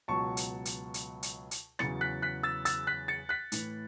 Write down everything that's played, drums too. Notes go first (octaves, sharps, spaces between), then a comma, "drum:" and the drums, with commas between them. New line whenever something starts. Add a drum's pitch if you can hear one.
C#2 B2 F#3 A5 C#6
drum: hi-hat
drum: hi-hat
drum: hi-hat
drum: hi-hat
drum: hi-hat
E2 C#3 F#3 A6 C#7, drum: rim click
F#6 B6
F#6 B6
E6 A6
E6 A6, drum: hi-hat
F#6 B6
A6 C#7
F#6 B6
A2 E3, drum: hi-hat